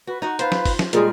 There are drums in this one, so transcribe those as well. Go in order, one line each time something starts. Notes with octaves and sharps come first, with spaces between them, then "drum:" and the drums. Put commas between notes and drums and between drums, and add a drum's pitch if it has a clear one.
F#4 B4
D#4 F#4 F#5
F4 B4 C5 F5, drum: hi-hat
drum: snare
drum: kick, open hi-hat
drum: snare
A#2 G3 G#3 G#4 D#5 F6, drum: hi-hat